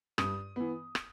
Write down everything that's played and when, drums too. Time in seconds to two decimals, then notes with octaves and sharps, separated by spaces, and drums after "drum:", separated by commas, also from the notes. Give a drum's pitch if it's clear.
0.18 G2 D#6, drum: rim click
0.56 E3 B3
0.95 drum: rim click